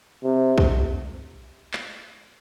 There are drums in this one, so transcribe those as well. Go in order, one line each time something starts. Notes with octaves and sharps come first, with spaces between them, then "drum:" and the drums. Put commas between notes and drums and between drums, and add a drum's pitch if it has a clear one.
C3
drum: kick
drum: clap